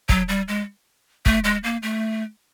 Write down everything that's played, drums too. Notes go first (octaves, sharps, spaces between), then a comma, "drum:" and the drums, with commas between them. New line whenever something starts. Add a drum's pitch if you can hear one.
F#3, drum: kick
G3
G#3
A3, drum: kick
G#3
A#3
A3